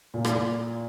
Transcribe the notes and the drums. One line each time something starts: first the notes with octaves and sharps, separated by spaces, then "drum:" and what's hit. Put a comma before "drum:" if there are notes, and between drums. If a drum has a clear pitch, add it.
A#2
drum: rim click